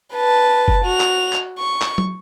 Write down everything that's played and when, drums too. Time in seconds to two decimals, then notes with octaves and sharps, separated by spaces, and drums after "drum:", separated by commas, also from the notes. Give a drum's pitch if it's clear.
0.13 B4 A5
0.68 drum: kick
0.84 F#4 F7
1.00 drum: clap
1.33 drum: clap
1.59 C#6
1.82 drum: clap
1.98 drum: tom